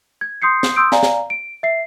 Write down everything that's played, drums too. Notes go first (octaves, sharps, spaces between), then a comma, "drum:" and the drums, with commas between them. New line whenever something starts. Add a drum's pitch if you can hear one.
G#6
C6 D#6 G6 C7 C#7
drum: snare
C6 D#6 E6 G6 D7
D5 F5 G#5 A#5, drum: snare
drum: snare
D7
E5 C7